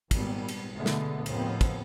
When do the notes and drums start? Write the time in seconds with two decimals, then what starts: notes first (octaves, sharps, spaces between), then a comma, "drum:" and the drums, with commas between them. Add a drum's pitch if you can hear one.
0.11 G#1 A#2 G3 B3, drum: kick, cymbal
0.48 drum: cymbal
0.76 B2 D3 G#3 A3 B3
0.86 drum: snare
1.26 D#2 A2 C#3 F3 B3 C4, drum: cymbal
1.61 drum: kick, cymbal